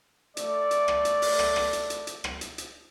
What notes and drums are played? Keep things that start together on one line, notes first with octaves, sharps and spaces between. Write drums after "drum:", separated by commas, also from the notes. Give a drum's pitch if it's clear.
A3 D5, drum: hi-hat
drum: hi-hat
drum: rim click
drum: hi-hat
drum: open hi-hat
drum: rim click
drum: rim click
drum: hi-hat
drum: hi-hat
drum: hi-hat
drum: rim click
drum: hi-hat
drum: hi-hat